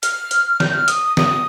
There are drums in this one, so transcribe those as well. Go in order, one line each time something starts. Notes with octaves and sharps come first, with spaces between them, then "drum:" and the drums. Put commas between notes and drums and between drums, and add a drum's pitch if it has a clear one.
F6, drum: hi-hat
drum: hi-hat
G6, drum: snare
F6
D#6, drum: hi-hat
D#6, drum: snare